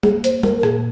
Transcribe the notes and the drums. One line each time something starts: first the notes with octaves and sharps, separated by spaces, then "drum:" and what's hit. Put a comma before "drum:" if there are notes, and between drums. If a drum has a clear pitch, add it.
A#3 G#4, drum: tom
A#3 C5, drum: hi-hat
A#3 A#4, drum: tom
A#4
A#2 G#4, drum: rim click